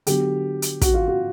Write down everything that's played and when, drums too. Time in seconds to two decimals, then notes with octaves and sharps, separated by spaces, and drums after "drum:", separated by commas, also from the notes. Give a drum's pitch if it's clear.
0.07 D3 F#3 B3 G4, drum: hi-hat
0.62 drum: hi-hat
0.81 F#4, drum: kick, hi-hat
0.94 F4
1.08 F#4